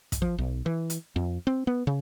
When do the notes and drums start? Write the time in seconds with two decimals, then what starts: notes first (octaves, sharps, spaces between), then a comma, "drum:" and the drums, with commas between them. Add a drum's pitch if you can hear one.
0.12 drum: kick, hi-hat
0.22 F3
0.38 B1
0.66 E3
0.90 drum: hi-hat
1.16 F2
1.47 C4
1.67 B3
1.87 C#3